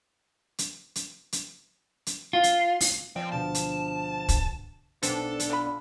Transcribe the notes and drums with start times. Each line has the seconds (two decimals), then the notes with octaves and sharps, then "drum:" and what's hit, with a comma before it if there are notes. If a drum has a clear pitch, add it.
0.58 drum: hi-hat
0.95 drum: hi-hat
1.32 drum: hi-hat
2.07 drum: hi-hat
2.33 F4
2.44 drum: hi-hat
2.81 drum: open hi-hat
3.16 F3 C4 D5
3.32 D2 B2 D3 A5
3.55 drum: hi-hat
4.29 drum: kick, hi-hat
5.03 B1 B3 C4 D4 A4, drum: hi-hat
5.40 drum: hi-hat
5.50 D3 F4 B5